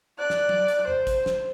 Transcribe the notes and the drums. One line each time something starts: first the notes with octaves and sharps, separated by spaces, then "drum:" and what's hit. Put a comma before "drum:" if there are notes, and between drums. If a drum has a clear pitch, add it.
D5 F#6
drum: snare
drum: tom F#3
drum: hi-hat
C5, drum: tom E2
drum: kick, hi-hat
drum: snare